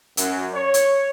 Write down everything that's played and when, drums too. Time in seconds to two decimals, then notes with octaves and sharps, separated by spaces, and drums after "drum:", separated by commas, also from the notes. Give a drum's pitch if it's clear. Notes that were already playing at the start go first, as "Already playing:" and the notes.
0.17 F#2, drum: hi-hat
0.54 C#5
0.74 drum: hi-hat